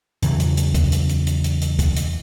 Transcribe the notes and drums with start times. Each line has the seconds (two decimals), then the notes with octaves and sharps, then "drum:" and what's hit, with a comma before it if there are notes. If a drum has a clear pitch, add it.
0.22 E2 C#3 E3 F#3, drum: hi-hat
0.40 drum: hi-hat
0.57 drum: hi-hat
0.74 drum: kick, hi-hat
0.92 drum: hi-hat
1.09 drum: hi-hat
1.27 drum: hi-hat
1.44 drum: hi-hat
1.61 drum: hi-hat
1.79 drum: kick, hi-hat
1.96 drum: hi-hat